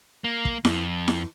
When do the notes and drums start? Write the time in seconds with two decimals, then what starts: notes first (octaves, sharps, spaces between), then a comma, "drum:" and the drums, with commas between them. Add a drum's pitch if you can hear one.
0.24 A#3
0.45 drum: kick
0.65 F2, drum: snare E4
1.08 drum: snare E4